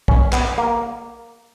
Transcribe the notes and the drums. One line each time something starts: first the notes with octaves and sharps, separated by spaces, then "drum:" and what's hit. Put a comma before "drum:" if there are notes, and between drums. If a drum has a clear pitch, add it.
C#4, drum: kick
B3, drum: clap
A#3